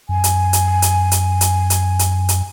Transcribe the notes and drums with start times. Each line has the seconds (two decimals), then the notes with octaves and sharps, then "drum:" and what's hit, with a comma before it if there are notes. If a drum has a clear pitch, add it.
0.09 F#2 G#5
0.24 drum: hi-hat
0.53 drum: hi-hat
0.82 drum: hi-hat
1.11 drum: hi-hat
1.41 drum: hi-hat
1.70 drum: hi-hat
1.99 drum: hi-hat
2.29 drum: hi-hat